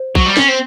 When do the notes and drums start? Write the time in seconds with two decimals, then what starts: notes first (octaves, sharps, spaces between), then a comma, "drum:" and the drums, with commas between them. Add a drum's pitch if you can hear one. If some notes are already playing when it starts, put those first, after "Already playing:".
Already playing: C5
0.15 F#3, drum: kick
0.26 G3
0.37 C#4, drum: snare
0.48 C4